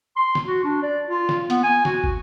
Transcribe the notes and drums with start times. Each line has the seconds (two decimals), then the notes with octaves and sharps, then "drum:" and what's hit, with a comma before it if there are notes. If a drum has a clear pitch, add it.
0.17 C6
0.35 drum: snare
0.47 F#4
0.64 D4
0.82 D5
1.07 F4
1.29 drum: snare
1.50 B3, drum: hi-hat
1.63 G#5
1.85 F#4, drum: snare
2.04 drum: kick